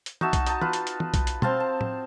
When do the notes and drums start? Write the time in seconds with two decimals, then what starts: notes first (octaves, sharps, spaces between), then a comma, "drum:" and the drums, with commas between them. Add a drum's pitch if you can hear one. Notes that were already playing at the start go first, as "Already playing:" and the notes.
0.06 drum: hi-hat
0.21 D#4 F#4 E5 A5, drum: tom
0.33 drum: kick B1, hi-hat
0.46 D#4 A5, drum: hi-hat
0.61 F4 B4, drum: tom
0.73 drum: hi-hat
0.87 drum: hi-hat
1.00 drum: tom
1.14 drum: kick B1, hi-hat
1.27 drum: hi-hat
1.42 C4 F5 A5 C6, drum: tom B2
1.60 A5
1.81 drum: tom A2